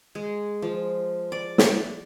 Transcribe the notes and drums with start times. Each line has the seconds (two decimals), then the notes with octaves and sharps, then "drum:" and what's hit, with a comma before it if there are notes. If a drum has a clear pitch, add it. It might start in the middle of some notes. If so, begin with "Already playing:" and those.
0.15 G#3
0.62 F3
1.32 D5
1.58 drum: snare